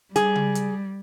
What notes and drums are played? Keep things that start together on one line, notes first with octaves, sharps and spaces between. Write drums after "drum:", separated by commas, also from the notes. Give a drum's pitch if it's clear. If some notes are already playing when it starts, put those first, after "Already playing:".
G3 G#4, drum: hi-hat
drum: tom C#3
drum: hi-hat